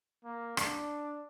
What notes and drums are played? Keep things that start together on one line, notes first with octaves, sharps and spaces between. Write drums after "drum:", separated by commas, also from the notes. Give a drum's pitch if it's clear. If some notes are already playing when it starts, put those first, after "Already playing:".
A#3
D4, drum: rim click